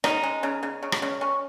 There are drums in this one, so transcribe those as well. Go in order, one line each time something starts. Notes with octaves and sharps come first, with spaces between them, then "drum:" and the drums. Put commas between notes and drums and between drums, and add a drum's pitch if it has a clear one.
C#3 D#4, drum: rim click
G#3
C#3
C#3
C#3
drum: rim click
C#3
C#4